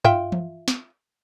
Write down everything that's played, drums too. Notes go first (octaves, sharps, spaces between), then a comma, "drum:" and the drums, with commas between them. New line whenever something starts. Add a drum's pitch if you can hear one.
F4 E5 G5, drum: tom G2
drum: tom E3
drum: snare